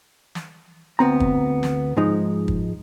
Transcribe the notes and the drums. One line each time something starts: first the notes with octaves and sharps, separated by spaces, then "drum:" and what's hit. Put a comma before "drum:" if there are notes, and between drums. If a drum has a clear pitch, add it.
drum: snare
D2 B3 C4 A#5
drum: kick
drum: snare
G#2 F3 G#3 D#4
drum: kick